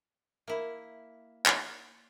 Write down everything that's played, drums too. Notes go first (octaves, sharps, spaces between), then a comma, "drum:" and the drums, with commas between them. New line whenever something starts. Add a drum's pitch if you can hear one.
A#3 E4
drum: clap